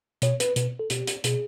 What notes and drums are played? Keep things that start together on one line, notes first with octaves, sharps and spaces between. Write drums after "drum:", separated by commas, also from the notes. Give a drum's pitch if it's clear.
B2 C#5, drum: hi-hat
B4, drum: hi-hat
B2 B4, drum: hi-hat
A4
B2 G4, drum: hi-hat
drum: hi-hat
B2 G#4, drum: hi-hat